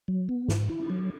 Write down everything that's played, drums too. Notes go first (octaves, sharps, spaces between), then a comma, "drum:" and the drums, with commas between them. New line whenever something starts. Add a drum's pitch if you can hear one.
F#3
B3
G#2, drum: snare
E4
drum: cymbal
F#3